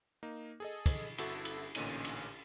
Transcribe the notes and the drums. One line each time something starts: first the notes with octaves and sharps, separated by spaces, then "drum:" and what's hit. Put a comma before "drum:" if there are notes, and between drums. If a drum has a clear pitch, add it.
A#3 D#4
G#4 A4 D#5
drum: kick, cymbal
G1 E4 F#4 A4, drum: cymbal
drum: cymbal
A1 A#2 D3 C#4 D#4 D#7, drum: cymbal
drum: cymbal